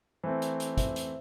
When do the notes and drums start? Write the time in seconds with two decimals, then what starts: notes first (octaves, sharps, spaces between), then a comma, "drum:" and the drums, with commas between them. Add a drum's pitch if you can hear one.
0.24 E3 A3 C4 C5
0.42 drum: hi-hat
0.60 drum: hi-hat
0.77 C5 E5, drum: kick, hi-hat
0.96 drum: hi-hat